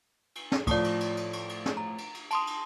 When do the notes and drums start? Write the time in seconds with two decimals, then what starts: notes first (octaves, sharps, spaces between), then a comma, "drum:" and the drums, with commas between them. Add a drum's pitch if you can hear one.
0.35 drum: cymbal
0.52 drum: snare
0.67 A2 F3 D5 A5 D#6, drum: kick, cymbal
0.84 drum: cymbal
1.00 drum: cymbal
1.17 drum: cymbal
1.33 drum: cymbal
1.49 drum: cymbal
1.66 drum: snare
1.77 A#5
1.98 drum: cymbal
2.14 drum: cymbal
2.31 A5 C6 D#6, drum: cymbal
2.47 drum: cymbal